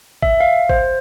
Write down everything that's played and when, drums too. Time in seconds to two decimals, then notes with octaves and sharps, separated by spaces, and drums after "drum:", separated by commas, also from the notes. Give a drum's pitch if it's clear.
0.22 E5, drum: kick G#1
0.40 F5
0.69 C5, drum: kick G#1